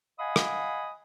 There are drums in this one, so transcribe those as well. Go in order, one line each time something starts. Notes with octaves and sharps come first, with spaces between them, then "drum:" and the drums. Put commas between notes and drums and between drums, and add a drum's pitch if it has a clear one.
D#5 F5 F#5 G#5 B5 D#6
drum: rim click